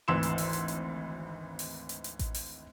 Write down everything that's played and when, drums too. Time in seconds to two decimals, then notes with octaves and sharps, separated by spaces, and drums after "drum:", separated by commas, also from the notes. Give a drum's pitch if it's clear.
0.08 G#1 D2 E3 C6 E6 E7
0.23 drum: hi-hat
0.38 drum: open hi-hat
0.53 drum: hi-hat
0.68 drum: hi-hat
1.59 drum: open hi-hat
1.89 drum: hi-hat
2.04 drum: hi-hat
2.19 drum: kick A1, hi-hat
2.34 drum: open hi-hat